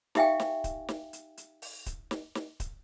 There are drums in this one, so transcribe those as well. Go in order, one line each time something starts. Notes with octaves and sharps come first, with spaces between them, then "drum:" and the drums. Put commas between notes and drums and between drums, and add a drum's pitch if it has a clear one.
D#4 G4 E5 F5 G5 G#5, drum: snare
drum: snare
drum: kick D1, hi-hat
drum: snare
drum: hi-hat
drum: hi-hat
drum: open hi-hat
drum: kick D1, hi-hat
drum: snare
drum: snare
drum: kick D1, hi-hat